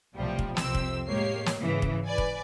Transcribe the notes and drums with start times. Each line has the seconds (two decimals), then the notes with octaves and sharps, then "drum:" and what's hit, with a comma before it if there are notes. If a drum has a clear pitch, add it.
0.16 B1 A2 C3 F3 G3
0.39 drum: kick
0.57 C2 F2 C3 C4 E6, drum: snare
0.75 drum: kick
1.07 A2 G#3 A#3 G4 C#5 C7
1.46 drum: snare
1.58 G#2 C#3 E3
1.82 drum: kick
2.05 B4 D5 G#5
2.18 drum: kick